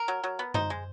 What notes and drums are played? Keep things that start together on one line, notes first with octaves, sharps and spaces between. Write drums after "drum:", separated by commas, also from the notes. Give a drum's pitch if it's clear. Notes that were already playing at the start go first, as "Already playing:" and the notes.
Already playing: A#4
F#3
F#3
B3
D#4 C5, drum: tom F#2
G#3